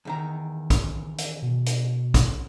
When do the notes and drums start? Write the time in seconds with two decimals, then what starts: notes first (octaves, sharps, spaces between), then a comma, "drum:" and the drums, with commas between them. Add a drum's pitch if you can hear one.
0.05 E2 D#3 A#5
0.70 drum: kick, hi-hat
1.18 drum: hi-hat
1.42 B2
1.66 drum: hi-hat
2.14 drum: kick, hi-hat